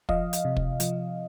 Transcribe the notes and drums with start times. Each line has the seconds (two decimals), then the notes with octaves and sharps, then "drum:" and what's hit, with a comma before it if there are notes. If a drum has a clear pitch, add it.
0.09 F3 D#5 F5, drum: kick
0.33 drum: hi-hat
0.45 C3
0.57 drum: kick
0.80 F3, drum: hi-hat